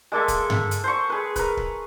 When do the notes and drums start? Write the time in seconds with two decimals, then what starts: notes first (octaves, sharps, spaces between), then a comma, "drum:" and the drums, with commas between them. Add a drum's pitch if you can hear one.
0.12 G#3 A#3 A4 E5
0.28 drum: kick, hi-hat
0.50 drum: tom G2
0.71 drum: hi-hat
0.84 C5 C#6
1.10 G#4 B4
1.36 A#4 B4, drum: kick, hi-hat
1.57 drum: kick